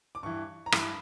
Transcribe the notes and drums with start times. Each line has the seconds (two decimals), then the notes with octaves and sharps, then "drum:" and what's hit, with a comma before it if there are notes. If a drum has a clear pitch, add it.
0.15 D6
0.23 G2 E3 C#6
0.66 A#5
0.72 G2 E3 B5, drum: rim click